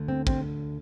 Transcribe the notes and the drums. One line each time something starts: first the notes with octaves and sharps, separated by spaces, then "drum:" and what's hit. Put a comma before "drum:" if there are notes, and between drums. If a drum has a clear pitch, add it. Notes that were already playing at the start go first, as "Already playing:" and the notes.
Already playing: D2 D3 A3
C4
C4, drum: kick